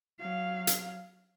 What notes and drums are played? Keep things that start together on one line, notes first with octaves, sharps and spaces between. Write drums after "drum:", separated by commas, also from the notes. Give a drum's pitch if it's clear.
F#3 F5
drum: hi-hat